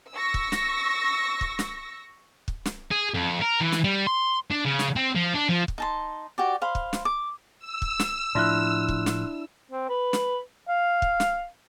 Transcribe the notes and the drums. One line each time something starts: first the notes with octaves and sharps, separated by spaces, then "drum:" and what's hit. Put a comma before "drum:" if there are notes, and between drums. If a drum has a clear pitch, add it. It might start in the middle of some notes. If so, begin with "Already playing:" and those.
C#6 E6 A#6
drum: kick
drum: snare
drum: kick
drum: snare
drum: kick
drum: snare
G#4
F2
A#4
E3
drum: snare
G3
C6
D4
C#3
drum: snare
C4
F3
D4
F3
drum: kick
D#4 A5 C6
F#4 G4 D5
C5 F5 B5 C6
drum: kick
drum: snare
D6
E6
drum: kick
drum: snare
A2 F3 D4 E4 C6 F6 F#6
drum: kick
drum: snare
C4
B4
drum: snare
F5
drum: kick
drum: snare